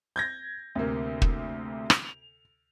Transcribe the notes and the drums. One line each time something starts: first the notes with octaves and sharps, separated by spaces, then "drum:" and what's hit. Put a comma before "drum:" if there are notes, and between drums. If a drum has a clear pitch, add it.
G6 G#6 A#6
D2 C3 A#3
drum: kick
F7, drum: rim click